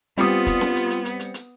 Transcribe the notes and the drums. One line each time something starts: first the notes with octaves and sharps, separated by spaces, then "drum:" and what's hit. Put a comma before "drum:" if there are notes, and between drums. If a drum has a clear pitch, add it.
G3 B3 C4 F4 D#6 C#7, drum: hi-hat
drum: kick, hi-hat
drum: snare C#4
drum: hi-hat
drum: hi-hat
drum: hi-hat
drum: hi-hat
drum: hi-hat